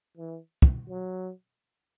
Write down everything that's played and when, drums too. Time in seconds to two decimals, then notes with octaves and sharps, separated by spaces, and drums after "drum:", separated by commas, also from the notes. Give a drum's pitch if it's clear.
0.17 E3
0.62 drum: kick
0.89 F#3